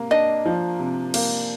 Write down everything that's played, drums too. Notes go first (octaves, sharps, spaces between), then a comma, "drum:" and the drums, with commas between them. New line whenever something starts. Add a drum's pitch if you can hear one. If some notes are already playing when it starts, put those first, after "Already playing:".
Already playing: C3 A#3
D4 D#5
F3
C3
A#3, drum: cymbal